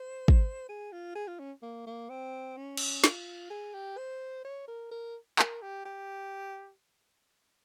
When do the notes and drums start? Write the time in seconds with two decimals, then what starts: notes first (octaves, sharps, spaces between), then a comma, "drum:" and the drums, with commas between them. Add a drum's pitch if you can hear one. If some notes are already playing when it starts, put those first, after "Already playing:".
Already playing: C5
0.28 drum: kick
0.69 G#4
0.92 F4
1.15 G#4
1.27 F4
1.40 C#4
1.62 A#3
1.87 A#3
2.10 C4
2.57 C#4
2.77 drum: cymbal
3.04 F4, drum: snare
3.50 G#4
3.74 G4
3.98 C5
4.45 C#5
4.68 A#4
4.91 A#4
5.39 A#4, drum: clap
5.62 G4
5.85 G4